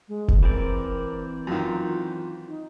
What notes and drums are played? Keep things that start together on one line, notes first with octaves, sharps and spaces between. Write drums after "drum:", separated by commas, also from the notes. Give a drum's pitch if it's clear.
G#3
drum: kick F1
E3 C4 A#4 D5
F#2 D#3 F4
D#4